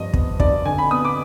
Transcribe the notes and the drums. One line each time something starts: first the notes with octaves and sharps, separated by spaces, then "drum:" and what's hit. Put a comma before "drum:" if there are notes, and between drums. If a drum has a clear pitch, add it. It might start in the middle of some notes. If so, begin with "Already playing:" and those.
Already playing: G2 F3 D#5
B3, drum: kick
G2 D5, drum: kick
D3 G#5
B5
B3 D#6
D6